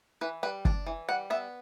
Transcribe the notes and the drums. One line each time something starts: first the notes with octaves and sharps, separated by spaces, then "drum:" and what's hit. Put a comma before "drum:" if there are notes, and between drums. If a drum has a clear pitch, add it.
E3 B4
G3 B4
D4, drum: kick
E3
G3 F#5
B3 E5